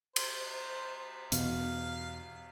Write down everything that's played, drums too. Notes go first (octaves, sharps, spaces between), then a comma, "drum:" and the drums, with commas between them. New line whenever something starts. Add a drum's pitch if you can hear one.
C5, drum: cymbal
E2 B2 F5, drum: hi-hat